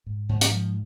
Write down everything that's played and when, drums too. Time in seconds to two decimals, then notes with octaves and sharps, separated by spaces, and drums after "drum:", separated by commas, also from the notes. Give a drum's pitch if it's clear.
0.06 G#2
0.29 G#2
0.41 drum: hi-hat
0.52 F3